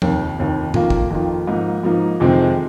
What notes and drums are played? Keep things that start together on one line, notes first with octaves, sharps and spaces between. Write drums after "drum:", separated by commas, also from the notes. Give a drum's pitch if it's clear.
F1 D#2 D#3, drum: tom
F1 D#2 D#3
F2 D#3 A#3 F4, drum: tom
drum: kick
F2 D#3 A#3 F4
G#2 F3 A#3 D#4
G#2 F3 A#3 D#4
F2 C3 D#3 G#3 C4